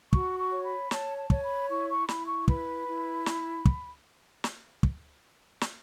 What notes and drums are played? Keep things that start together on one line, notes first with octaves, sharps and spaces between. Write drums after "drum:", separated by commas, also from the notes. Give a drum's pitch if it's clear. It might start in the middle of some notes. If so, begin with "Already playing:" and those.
F#4 C#6, drum: kick
C#6
C#5
B5
C#5 A5, drum: snare
A5
C#5, drum: kick
B5
E4 C#6
C#6
E4 B5, drum: snare
C#6
B4 B5, drum: kick
E4
drum: snare
drum: kick
drum: snare
drum: kick
drum: snare